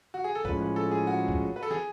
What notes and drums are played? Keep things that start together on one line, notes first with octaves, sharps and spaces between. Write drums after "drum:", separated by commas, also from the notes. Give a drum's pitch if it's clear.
F#4
G#4
A4
A2 F3 G#3 C#4 B4, drum: kick C2
B4
A4
G#4
F#4
drum: kick C2
B4
A4
G#4, drum: snare